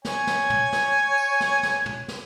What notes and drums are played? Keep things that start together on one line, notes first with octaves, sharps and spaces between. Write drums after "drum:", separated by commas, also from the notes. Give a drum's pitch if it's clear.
C#5 G#5, drum: snare
drum: snare
drum: tom
drum: snare
drum: tambourine
drum: snare
drum: snare
drum: tom
drum: snare